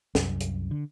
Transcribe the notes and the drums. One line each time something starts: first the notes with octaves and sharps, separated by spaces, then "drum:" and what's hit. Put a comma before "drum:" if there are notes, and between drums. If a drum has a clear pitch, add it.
C2 F#2, drum: snare
drum: hi-hat
D3